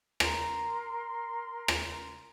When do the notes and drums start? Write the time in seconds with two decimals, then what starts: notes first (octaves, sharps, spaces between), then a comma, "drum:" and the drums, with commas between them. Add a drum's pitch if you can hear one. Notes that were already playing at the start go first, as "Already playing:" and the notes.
0.20 A#4 C6, drum: rim click
1.68 drum: rim click